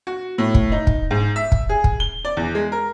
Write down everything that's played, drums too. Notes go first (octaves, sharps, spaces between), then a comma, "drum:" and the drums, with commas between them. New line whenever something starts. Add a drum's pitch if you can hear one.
F#4
A2
drum: kick
D#4
drum: kick
G#2
E5
drum: kick
G#4
drum: kick
G7
D5
E2
G#3
A#4